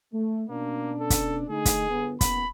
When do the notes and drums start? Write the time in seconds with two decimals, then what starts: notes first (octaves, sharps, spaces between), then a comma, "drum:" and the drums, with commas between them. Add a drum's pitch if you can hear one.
0.13 A3
0.49 B2 A#3 C#4 D4
1.00 A4
1.10 drum: kick, hi-hat
1.49 D3 A3 D#4 G#4
1.66 drum: kick, hi-hat
1.90 G1 B3
2.21 F#1 B3 B5, drum: kick, hi-hat